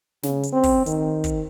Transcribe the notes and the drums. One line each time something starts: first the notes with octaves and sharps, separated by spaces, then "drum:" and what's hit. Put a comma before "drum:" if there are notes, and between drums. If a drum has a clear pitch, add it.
C#3, drum: snare
drum: hi-hat
C4
drum: kick, open hi-hat
D#3, drum: hi-hat
drum: kick, hi-hat